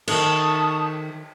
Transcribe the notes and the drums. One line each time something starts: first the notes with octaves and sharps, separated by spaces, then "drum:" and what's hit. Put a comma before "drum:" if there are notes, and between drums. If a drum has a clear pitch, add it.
D#3 D#4 A4 A5 C#6 D#6, drum: cymbal